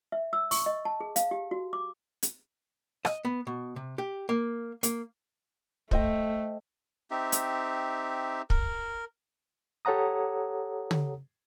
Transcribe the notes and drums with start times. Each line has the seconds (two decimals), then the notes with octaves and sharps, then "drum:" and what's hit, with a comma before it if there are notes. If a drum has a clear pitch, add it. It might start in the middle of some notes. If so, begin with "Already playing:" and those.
0.12 E5
0.33 E6
0.51 C#6, drum: open hi-hat
0.66 D#5
0.85 A5
1.00 G#4
1.16 F5, drum: hi-hat
1.31 G4
1.51 F#4
1.73 D6
2.23 drum: hi-hat
3.05 D#5, drum: rim click
3.25 B3
3.47 B2
3.76 C3
3.98 G4
4.29 A#3
4.83 A#3, drum: hi-hat
5.91 A3 C5 D#5 G5, drum: kick
7.11 C4 D#4 G4 E5
7.32 drum: hi-hat
8.50 A#4, drum: kick
9.85 G4 A4 C#5 F#5 A#5 D#6
10.91 drum: tom